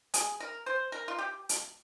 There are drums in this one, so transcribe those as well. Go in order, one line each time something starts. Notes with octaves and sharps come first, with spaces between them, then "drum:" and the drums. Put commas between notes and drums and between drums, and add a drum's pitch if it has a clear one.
G#4, drum: hi-hat
A#4
C5
A#4
F4
G4
drum: hi-hat